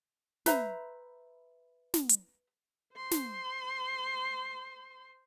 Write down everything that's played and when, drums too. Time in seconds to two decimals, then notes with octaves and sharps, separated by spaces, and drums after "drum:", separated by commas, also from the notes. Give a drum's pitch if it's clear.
0.46 B4 C5 E5 A#5, drum: snare
1.94 drum: snare
2.09 drum: hi-hat
2.96 C5 C6
3.11 drum: snare